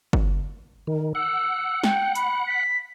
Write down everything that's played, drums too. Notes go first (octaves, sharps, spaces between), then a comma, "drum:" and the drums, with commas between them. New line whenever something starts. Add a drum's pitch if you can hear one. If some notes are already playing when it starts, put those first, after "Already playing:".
drum: kick G1
D#3
F#5 E6
G5, drum: snare
B5, drum: hi-hat
B6